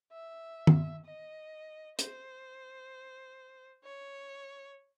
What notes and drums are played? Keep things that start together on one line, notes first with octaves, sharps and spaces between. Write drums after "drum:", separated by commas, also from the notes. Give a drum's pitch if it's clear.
E5
drum: tom D#3
D#5
C5, drum: hi-hat
C#5